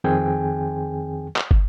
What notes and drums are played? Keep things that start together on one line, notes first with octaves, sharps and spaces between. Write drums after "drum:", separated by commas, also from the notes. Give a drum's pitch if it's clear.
F2 D#3 C4 G#4 G5 G#5
drum: clap
drum: kick